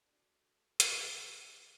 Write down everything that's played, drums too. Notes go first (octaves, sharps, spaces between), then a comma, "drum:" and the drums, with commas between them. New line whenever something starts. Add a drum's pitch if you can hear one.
C4 D4 F#4 G#4 A4
drum: hi-hat